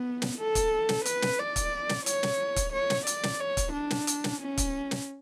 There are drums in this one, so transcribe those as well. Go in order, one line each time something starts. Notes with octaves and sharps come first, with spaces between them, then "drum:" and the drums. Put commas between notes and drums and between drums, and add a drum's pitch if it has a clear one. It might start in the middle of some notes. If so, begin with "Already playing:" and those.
Already playing: B3
drum: snare
A4
drum: kick, hi-hat
drum: snare
B4, drum: hi-hat
drum: snare
D5
drum: kick, hi-hat
drum: snare
C#5, drum: hi-hat
drum: snare
drum: kick, hi-hat
C#5
drum: snare
D5, drum: hi-hat
drum: snare
C#5
drum: kick, hi-hat
D4
drum: snare
drum: hi-hat
drum: snare
C#4
drum: kick, hi-hat
drum: snare